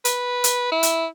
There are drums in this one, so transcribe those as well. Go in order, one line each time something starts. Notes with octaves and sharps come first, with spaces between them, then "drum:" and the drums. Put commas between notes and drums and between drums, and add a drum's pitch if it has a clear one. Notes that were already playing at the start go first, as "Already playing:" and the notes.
B4, drum: hi-hat
drum: hi-hat
E4
drum: hi-hat